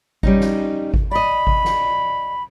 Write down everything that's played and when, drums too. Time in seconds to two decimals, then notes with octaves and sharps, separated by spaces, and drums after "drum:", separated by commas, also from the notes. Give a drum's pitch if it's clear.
0.23 G3 C#4 D#4, drum: kick G#1
0.40 drum: snare
0.94 drum: kick G#1
1.11 D5 D#5 B5
1.47 drum: kick G#1
1.65 drum: snare